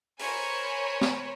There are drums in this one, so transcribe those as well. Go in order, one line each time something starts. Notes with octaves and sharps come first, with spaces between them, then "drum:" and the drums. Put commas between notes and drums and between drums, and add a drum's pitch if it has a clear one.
A#4 C5 C#5 G#5 B5, drum: open hi-hat
drum: snare